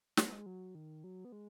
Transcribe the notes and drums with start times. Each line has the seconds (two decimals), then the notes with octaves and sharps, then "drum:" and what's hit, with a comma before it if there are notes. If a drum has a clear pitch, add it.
0.17 G#3, drum: snare
0.25 B3
0.32 G#3
0.46 F#3
0.75 D#3
1.04 F#3
1.25 B3
1.32 G#3